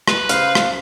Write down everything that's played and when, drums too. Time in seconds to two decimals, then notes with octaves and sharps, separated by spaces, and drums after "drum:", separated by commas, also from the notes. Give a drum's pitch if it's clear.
0.08 B4, drum: rim click
0.29 C#3 C5 F5, drum: hi-hat
0.55 drum: rim click